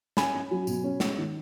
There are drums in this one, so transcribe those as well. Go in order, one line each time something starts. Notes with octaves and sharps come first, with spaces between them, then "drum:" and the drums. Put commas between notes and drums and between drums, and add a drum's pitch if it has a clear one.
C#4 G#5 B5, drum: snare
C#4
F#3
B2, drum: tambourine
C#4
G#3, drum: snare
D#3